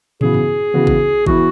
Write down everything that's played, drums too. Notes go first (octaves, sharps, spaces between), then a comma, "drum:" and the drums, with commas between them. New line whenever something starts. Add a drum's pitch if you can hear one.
C#3 E3 B3 F#4 G#4, drum: tom
drum: tom G2
C#3 E3 B3 F#4
drum: kick G#1
E3 B3 E4 F#4, drum: kick G#1